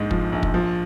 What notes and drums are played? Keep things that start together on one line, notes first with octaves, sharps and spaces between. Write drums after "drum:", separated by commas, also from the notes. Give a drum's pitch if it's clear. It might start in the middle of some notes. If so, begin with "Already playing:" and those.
Already playing: A#1 G#2 G#3
F3, drum: kick
A#1
drum: kick
F3